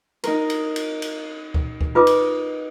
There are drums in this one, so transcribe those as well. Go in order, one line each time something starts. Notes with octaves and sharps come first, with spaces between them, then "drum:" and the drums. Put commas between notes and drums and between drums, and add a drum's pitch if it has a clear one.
D#4 A#4, drum: cymbal
drum: cymbal
drum: cymbal
drum: cymbal
drum: kick C#2
drum: kick C#2
D#4 F4 B4 D6
drum: cymbal